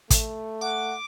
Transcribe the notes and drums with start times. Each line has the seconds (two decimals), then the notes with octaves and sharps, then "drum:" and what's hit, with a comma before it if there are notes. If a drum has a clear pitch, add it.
0.10 A3, drum: kick, hi-hat
0.61 F#5 D6